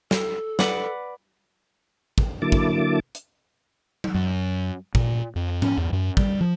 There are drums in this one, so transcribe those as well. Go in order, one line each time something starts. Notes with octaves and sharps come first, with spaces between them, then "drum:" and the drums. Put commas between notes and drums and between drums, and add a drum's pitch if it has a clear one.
A4, drum: snare
B4 D5 F#5, drum: snare
drum: kick
D3 F#3 A#3 E4 A5 D6
drum: kick
drum: hi-hat
drum: tom F#3
F#2
A#2, drum: kick
F2
C#4, drum: tom
E2
F#2
G3, drum: kick
F3